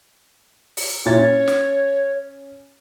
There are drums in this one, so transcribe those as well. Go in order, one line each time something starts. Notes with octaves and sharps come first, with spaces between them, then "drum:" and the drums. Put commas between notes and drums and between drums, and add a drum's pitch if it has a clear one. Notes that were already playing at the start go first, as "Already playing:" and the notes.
drum: open hi-hat
A#2 E4 C#5 A6
C#4
drum: snare